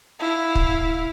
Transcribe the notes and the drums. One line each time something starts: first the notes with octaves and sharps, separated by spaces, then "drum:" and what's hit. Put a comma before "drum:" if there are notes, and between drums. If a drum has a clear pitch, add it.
E4 F5
drum: kick